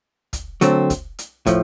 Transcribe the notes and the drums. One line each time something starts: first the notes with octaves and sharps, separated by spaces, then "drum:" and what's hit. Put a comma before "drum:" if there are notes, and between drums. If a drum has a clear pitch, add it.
drum: kick, hi-hat
D3 F#3 A3 C4, drum: hi-hat
drum: kick, hi-hat
drum: hi-hat
A2 F3, drum: kick, hi-hat